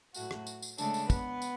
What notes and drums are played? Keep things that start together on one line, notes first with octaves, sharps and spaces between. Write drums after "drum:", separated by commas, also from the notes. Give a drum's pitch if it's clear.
A2 F#3 A3 F#4, drum: tambourine
drum: rim click
drum: tambourine
drum: tambourine
C#3 G#3 A3 D4 A4, drum: tambourine
drum: tambourine
B3 B4, drum: kick, tambourine
drum: tambourine